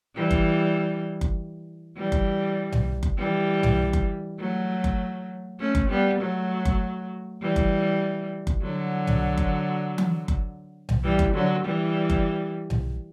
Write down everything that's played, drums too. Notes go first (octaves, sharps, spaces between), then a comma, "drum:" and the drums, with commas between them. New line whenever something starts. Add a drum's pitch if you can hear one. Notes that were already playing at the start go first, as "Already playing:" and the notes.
E3 G3
drum: kick F#1
drum: kick F#1
E3 G3
drum: kick F#1
drum: tom B1
drum: kick F#1
E3 G3
drum: tom B1
drum: kick F#1
F#3 A3
drum: kick F#1
A3 C#4
drum: kick F#1
G3 B3
F#3 A3
drum: kick F#1
E3 G3
drum: kick F#1
drum: kick F#1
D3 F#3
drum: tom B1
drum: kick F#1
drum: tom E3
drum: kick F#1
drum: tom B1
E3 G3
drum: kick F#1
D3 F#3
E3 G3
drum: kick F#1
drum: tom B1